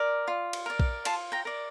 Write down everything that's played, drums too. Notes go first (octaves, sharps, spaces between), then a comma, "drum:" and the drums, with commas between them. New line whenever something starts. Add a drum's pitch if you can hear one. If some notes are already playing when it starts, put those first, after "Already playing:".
Already playing: A#4 D5
F4
drum: cymbal
A#4 D5
drum: kick A#1
F4 A5 C6, drum: cymbal
G5 A#5
A#4 D5